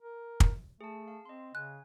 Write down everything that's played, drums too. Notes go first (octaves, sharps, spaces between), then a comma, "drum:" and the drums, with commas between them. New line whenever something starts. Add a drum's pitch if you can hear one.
A#4
drum: kick
A3 G#4 A5
F5
C4 D#5 C6
C#3 G#5 F#6